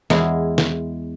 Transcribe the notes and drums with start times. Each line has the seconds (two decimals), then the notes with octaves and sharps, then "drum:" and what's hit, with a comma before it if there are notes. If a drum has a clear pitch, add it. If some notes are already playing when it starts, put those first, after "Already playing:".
0.10 E2 G#3 E4, drum: snare
0.58 drum: snare